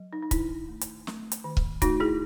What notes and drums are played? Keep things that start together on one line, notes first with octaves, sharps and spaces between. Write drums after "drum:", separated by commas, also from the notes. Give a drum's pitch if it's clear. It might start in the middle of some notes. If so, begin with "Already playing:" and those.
Already playing: F#3
D#4
D#4
D#3 E4, drum: kick C#1, hi-hat
A3
drum: hi-hat
A3, drum: snare
drum: hi-hat
D#3
drum: kick C#1
A3 D#4 F#4, drum: kick C#1, hi-hat
E4 G#4